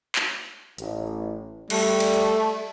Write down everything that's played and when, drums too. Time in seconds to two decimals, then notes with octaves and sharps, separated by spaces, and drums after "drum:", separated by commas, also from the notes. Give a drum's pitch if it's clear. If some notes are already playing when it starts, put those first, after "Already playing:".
0.16 drum: clap
0.78 A1, drum: hi-hat
1.70 G3 A3, drum: cymbal
2.00 drum: cymbal
2.14 drum: hi-hat